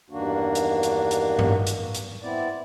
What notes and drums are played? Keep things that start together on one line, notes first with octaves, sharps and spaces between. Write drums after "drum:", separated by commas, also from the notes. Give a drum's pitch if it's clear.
E2 G2 D#3 A#3 D4 F#4
drum: hi-hat
drum: hi-hat
drum: hi-hat
drum: tom G2
drum: hi-hat
drum: hi-hat
B3 C4 E4 D5